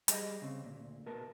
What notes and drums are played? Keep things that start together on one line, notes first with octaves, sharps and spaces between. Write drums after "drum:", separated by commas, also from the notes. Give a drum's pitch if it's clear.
G3 G#4 D#5, drum: hi-hat
C#3 C4
D2 A#2
B1 B2 A#4 B4 A5